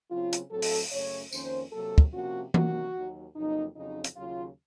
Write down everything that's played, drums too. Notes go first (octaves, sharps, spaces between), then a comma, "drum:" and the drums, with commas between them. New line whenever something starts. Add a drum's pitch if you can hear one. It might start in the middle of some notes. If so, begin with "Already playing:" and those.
C#3 F#3 C4 F4
drum: hi-hat
A2 F#3 C4 A4
drum: open hi-hat
F#2 C#3 A3 C#4 C#5
F2 D#3 A#3 C#4 C5, drum: tambourine
C3 F#3 A#3 A4
drum: kick
C3 F3 A#3 C#4 F#4
C3 D#3 A#3 C#4 F#4, drum: tom E3
D#2 D#3 F#3
F2 C#3 F#3 A#3 D#4
F2 C#3 F#3 C4 D#4
drum: hi-hat
D#2 C#3 F#3 F4